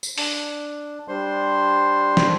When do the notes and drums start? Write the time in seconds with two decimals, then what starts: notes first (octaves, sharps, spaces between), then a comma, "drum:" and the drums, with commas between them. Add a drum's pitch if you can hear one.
0.03 drum: tambourine
0.18 D4, drum: open hi-hat
1.08 G3 D4 C5 C6
2.17 drum: snare